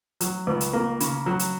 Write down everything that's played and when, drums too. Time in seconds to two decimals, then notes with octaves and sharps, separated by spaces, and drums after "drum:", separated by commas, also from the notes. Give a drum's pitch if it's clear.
0.21 F#3, drum: hi-hat
0.47 C#2
0.61 drum: hi-hat
0.73 A#3
1.00 C#3, drum: hi-hat
1.26 F#3
1.39 drum: hi-hat